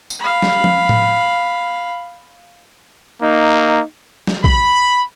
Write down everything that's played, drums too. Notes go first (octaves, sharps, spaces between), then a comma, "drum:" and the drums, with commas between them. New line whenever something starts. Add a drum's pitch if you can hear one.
drum: tambourine
F5 B5
drum: snare
drum: tom F3
drum: tom A2
A#3 D#4
drum: snare
B5, drum: kick A#1